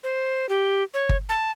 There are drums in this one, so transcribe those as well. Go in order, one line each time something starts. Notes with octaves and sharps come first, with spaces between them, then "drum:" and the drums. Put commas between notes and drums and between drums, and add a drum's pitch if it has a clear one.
C5
G4
C#5
drum: kick G1
A5